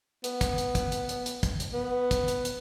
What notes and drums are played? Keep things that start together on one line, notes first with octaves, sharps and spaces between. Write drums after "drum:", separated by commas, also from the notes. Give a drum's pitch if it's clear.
B3, drum: hi-hat
drum: kick, hi-hat
drum: hi-hat
drum: kick, hi-hat
drum: hi-hat
drum: hi-hat
drum: hi-hat
drum: kick, hi-hat
drum: hi-hat
B3
drum: kick, hi-hat
drum: hi-hat
drum: hi-hat